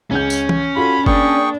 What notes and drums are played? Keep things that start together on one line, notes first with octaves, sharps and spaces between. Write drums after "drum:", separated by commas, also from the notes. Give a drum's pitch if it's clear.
C#2 C#3 C#4 G6
drum: tambourine
drum: tom E3
F4 F#4 A4 B5
A#3 D4 G#4 A#4 G5 C#6, drum: kick G1